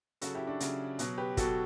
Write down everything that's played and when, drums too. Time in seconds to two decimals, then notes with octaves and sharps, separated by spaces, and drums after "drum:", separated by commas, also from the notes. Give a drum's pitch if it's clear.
0.21 C#3 F#3 F#4 A4, drum: hi-hat
0.34 E4 G4
0.47 D4 F#4
0.60 C#3 F#3, drum: hi-hat
0.99 B2 F#3, drum: hi-hat
1.18 G4 B4
1.37 B2 F#3 F#4 A4, drum: kick, hi-hat